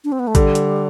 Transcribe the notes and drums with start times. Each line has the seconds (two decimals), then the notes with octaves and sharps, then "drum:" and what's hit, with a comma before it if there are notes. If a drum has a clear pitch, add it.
0.04 D4
0.12 C4
0.19 B3
0.27 A3
0.35 D3 G3, drum: kick A1, hi-hat
0.55 drum: hi-hat